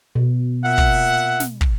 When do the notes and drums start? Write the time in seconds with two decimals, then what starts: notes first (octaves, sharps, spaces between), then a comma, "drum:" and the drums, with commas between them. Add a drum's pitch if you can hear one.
0.15 B2
0.64 A#2 E5 F#5
0.78 drum: kick
1.40 drum: snare
1.61 drum: kick